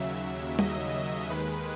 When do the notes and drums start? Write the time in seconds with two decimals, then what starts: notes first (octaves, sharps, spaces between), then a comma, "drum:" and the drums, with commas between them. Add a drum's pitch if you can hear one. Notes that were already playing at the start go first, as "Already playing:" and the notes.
Already playing: D#2 C#3 F#3 E5
0.59 D#5, drum: tom
1.29 D#2 D#3 G#3 B4